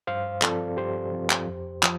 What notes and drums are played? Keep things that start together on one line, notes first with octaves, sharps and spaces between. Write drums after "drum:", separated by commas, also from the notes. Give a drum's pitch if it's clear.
G2 C5 F5
F3 C4 F4 A4 D5, drum: clap
G2 G4 C5
F3 C4 F4
drum: clap
F2
F3, drum: clap